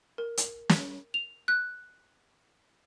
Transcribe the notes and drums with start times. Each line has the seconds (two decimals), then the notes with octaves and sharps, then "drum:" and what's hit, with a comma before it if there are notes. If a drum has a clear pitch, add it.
0.18 A#4
0.37 drum: hi-hat
0.69 drum: snare
1.14 F7
1.48 F#6